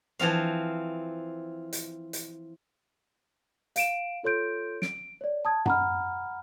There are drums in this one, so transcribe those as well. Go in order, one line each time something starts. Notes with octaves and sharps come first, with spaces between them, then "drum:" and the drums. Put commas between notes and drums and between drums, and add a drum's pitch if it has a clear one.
E3 F3 C4 F5
drum: hi-hat
drum: hi-hat
F5 D7 E7, drum: hi-hat
F4 A4 C#5 C6 G6 D7
D7, drum: snare
C#5 D5
A5 D#6 G#6
F#5 A#5 B5 F6, drum: tom F#2